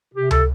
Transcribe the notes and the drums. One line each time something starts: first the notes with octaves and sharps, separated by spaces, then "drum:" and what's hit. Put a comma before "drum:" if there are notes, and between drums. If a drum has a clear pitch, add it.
C3 G4
A4, drum: tom C#2